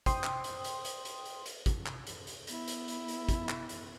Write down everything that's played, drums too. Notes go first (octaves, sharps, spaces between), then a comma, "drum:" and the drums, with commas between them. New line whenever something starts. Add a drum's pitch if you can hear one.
C5 G5 C6 D#6, drum: kick, hi-hat
drum: clap
drum: hi-hat
drum: hi-hat
drum: hi-hat
drum: hi-hat
drum: hi-hat
drum: hi-hat
drum: kick, hi-hat
drum: clap
drum: hi-hat
drum: hi-hat
B3 E4, drum: hi-hat
drum: hi-hat
drum: hi-hat
drum: hi-hat
drum: kick, hi-hat
drum: clap
drum: hi-hat